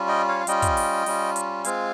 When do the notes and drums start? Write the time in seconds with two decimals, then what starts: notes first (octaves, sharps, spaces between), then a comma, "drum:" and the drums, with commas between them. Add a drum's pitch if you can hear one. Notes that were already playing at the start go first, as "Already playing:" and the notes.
Already playing: G3 C#4 F4
0.08 D#5 G5
0.28 C#5 F5
0.40 F5
0.47 G3 C#4 F4 D#5 G5, drum: hi-hat
0.62 drum: kick, hi-hat
0.77 drum: open hi-hat
1.06 G3 C#4 F4, drum: open hi-hat
1.36 drum: hi-hat
1.64 G#3 C4 F4 F5 G#5, drum: hi-hat